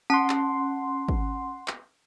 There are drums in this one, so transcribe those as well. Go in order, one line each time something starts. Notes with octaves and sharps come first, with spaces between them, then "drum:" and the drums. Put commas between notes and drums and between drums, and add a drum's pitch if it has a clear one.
C#4 F#5 A5 C6
drum: clap
drum: kick G#1
drum: clap